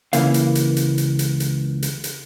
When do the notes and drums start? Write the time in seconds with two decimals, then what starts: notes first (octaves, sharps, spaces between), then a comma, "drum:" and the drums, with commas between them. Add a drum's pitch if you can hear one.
0.13 C#2 C#3 E3 A#3 F5, drum: hi-hat
0.34 drum: hi-hat
0.55 drum: hi-hat
0.77 drum: hi-hat
0.98 drum: hi-hat
1.19 drum: hi-hat
1.40 drum: hi-hat
1.82 drum: hi-hat
2.04 drum: hi-hat